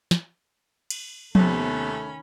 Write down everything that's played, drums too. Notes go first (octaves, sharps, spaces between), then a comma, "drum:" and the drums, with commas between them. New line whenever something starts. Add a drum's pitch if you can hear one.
drum: snare
drum: cymbal
D#2 C3 D#3 A3 B3 C#4 B5, drum: tom F3